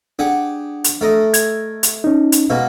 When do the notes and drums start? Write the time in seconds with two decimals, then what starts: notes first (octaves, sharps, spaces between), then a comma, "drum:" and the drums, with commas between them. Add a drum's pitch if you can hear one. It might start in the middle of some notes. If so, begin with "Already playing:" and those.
0.19 D4 G4 G#4 F#5
0.84 drum: hi-hat
1.01 A3 A#4 D#5
1.34 G#6, drum: hi-hat
1.83 drum: hi-hat
2.04 C#4 D#4
2.32 drum: hi-hat
2.50 B2 G#3 A#3